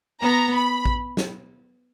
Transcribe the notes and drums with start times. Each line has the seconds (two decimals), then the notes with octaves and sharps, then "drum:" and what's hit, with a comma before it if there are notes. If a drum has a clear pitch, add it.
0.22 B3 A#5
0.54 B5
0.85 drum: kick
1.17 drum: snare